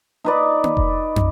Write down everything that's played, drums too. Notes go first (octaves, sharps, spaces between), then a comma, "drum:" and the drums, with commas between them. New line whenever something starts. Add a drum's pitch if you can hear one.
D#4 B4 D5
drum: tom A#3
drum: kick F1
drum: tom